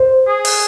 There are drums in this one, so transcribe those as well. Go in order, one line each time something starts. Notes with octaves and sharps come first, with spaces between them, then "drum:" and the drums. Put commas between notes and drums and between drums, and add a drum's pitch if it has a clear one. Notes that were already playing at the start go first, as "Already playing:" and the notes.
Already playing: C5
G#4
drum: open hi-hat